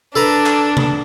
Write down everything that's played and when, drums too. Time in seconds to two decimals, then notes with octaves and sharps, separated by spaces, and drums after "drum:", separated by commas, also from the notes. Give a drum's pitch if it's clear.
0.16 D4 A4 B4 A#5
0.46 drum: clap
0.77 drum: tom C3